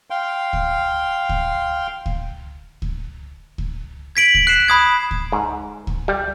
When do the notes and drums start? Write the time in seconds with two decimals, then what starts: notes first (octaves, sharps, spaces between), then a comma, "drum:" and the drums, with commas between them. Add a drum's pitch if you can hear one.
0.10 F5 G5 C6
0.53 drum: kick C#2
1.29 drum: kick C#2
2.06 drum: kick C#2
2.82 drum: kick C#2
3.58 drum: kick C#2
4.15 G#6 B6 D7 F#7
4.35 drum: kick C#2
4.47 F#6 C7 E7
4.68 B5 D#6 G#6
5.11 drum: kick C#2
5.32 G#2
5.87 drum: kick C#2
6.08 G3